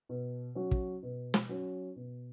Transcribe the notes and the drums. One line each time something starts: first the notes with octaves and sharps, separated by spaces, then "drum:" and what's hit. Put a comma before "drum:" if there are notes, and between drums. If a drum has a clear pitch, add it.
B2
F#3 C#4 F#4
drum: kick
B2
drum: snare
F#3 C#4 F#4
B2